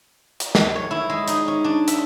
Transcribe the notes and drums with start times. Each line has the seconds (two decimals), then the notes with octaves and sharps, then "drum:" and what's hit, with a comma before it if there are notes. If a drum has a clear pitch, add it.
0.40 drum: hi-hat
0.55 drum: snare
0.76 C#5
0.91 E4
1.10 G#3
1.28 D#4, drum: hi-hat
1.48 C#4
1.64 D4
1.88 E5, drum: hi-hat